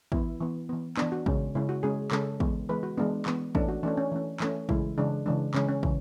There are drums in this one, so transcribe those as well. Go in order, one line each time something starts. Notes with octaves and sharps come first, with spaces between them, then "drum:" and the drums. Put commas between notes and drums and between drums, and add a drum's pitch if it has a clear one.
E3 B3 E4, drum: kick
E3 B3
E3 B3
E3 B3 D4, drum: clap
F#4
C#3 G#3 C#4, drum: kick
C#3 G#3 C#4 E4
F#4
C#3 G#3 C#4 G#4
C#3 G#3 C#4 A4, drum: clap
E3 G#3 B3, drum: kick
E3 G#3 B3 B4
F#4
E3 G#3 B3 D4
E3 G#3 B3, drum: clap
E3 A3 C#4 D4, drum: kick
F#4
E3 A3 C#4 D4
C#4
E3 A3 C#4
E3 A3 C#4, drum: clap
C#3 E3 G#3 E4, drum: kick
C#3 E3 G#3 D4
C#3 E3 G#3 D4
C#3 E3 G#3 C#4, drum: clap
C#4
C#3 E3, drum: kick